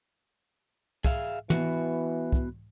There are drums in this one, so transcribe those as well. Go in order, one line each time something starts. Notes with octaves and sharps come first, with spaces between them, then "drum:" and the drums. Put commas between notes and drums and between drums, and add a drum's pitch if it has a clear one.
G#4 E5 F5, drum: kick
E3 B3 F#4, drum: tom
drum: kick